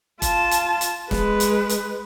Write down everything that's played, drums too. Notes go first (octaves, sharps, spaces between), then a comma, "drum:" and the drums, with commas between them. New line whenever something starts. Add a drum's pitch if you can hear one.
F4 A5, drum: kick F1, hi-hat
drum: hi-hat
drum: hi-hat
G#3 B4, drum: snare
drum: hi-hat
drum: hi-hat